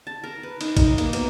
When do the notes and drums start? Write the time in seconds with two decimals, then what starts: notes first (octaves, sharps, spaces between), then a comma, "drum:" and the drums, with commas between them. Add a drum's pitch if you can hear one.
0.07 A5
0.24 A#4
0.43 B4
0.61 D#4, drum: cymbal
0.77 D#4, drum: kick A1, cymbal
0.98 A#3, drum: cymbal
1.13 B2, drum: cymbal